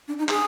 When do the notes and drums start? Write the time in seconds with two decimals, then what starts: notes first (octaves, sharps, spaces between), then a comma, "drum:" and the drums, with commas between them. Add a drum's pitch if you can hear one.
0.08 D4
0.19 D#4
0.29 G#4, drum: clap